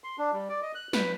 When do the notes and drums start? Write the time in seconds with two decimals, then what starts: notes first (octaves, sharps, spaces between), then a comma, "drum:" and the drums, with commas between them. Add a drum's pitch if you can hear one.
0.04 C6
0.18 D4
0.33 G3
0.49 D5
0.62 D#5
0.75 F#6
0.93 B4, drum: snare